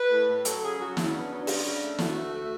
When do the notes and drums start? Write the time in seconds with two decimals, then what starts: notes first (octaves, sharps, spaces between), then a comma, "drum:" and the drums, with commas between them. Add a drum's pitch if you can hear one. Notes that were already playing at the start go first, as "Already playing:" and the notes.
Already playing: B4
0.10 A2
0.28 A2
0.45 F#3 A4, drum: hi-hat
0.62 C#3 G#4
0.79 F#3 F#4
0.97 C#3 E4, drum: snare
1.13 B3 D4
1.30 F#3 D4
1.47 C#3, drum: open hi-hat
1.65 C#3
1.82 A3
1.98 D2 F#4, drum: snare
2.16 A3
2.33 A3